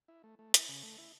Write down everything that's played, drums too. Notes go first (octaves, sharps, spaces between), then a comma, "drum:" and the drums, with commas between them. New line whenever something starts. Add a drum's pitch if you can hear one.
E4
A3
A3
E4, drum: hi-hat
C#3
A3
E4